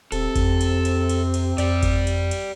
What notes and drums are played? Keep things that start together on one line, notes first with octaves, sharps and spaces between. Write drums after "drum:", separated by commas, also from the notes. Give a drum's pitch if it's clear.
D#1 C3 C4 A4, drum: cymbal
F2, drum: kick G1, cymbal
drum: cymbal
drum: cymbal
drum: cymbal
drum: cymbal
F2 G4 D5, drum: cymbal
drum: kick G1, cymbal
drum: cymbal
drum: cymbal